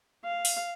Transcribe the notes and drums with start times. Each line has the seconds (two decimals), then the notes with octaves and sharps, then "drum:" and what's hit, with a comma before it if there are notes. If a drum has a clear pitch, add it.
0.24 F5
0.45 drum: open hi-hat